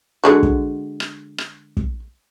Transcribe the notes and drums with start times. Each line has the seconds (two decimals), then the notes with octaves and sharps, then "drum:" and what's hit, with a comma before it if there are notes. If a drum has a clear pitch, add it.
0.24 D3 G#3 F#4
0.43 drum: kick
1.00 drum: rim click
1.38 drum: rim click
1.77 drum: kick